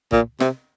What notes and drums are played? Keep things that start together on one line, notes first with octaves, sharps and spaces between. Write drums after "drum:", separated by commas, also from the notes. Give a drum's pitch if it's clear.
A#2, drum: kick
C3, drum: snare